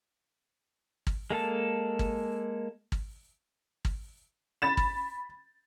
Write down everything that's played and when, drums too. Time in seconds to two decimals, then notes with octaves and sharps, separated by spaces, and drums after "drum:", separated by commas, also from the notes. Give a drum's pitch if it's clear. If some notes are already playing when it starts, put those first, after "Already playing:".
1.07 drum: kick G#1
1.30 G#3 A#3 A4 A5
1.99 drum: kick G#1
2.92 drum: kick G#1
3.85 drum: kick G#1
4.62 B5 A6 E7
4.77 drum: kick G#1